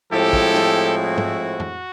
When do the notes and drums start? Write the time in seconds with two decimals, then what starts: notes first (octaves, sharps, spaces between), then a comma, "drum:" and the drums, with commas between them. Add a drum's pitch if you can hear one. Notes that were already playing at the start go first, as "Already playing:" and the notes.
0.12 A2 F3 G#3 C4 E4 G4 A4
0.33 drum: kick
0.54 drum: snare
0.97 F#4
1.18 drum: tom
1.60 drum: tom